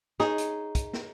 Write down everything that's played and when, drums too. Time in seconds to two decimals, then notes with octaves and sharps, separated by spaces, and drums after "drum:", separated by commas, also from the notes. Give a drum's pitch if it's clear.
0.20 D#4 G#4 C#5, drum: snare
0.38 drum: hi-hat
0.75 drum: kick, hi-hat
0.93 drum: snare